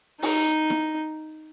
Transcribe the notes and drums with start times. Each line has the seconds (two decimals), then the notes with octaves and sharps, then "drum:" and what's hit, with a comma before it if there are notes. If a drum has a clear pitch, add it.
0.22 D#4, drum: open hi-hat
0.70 drum: snare E4